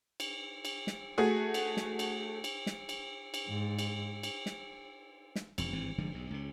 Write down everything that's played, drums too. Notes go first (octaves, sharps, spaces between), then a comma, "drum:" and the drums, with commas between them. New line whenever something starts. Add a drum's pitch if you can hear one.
drum: cymbal
drum: cymbal
drum: snare
A3 F#4 G#4
drum: cymbal
drum: snare
drum: cymbal
drum: cymbal
drum: snare
drum: cymbal
drum: cymbal
G#2
drum: cymbal
drum: cymbal
drum: snare
drum: snare
E1 F2, drum: cymbal
G#1 G2 E3 C4
F1 D3 F3 G#3
B1 G#2
C#2 C#3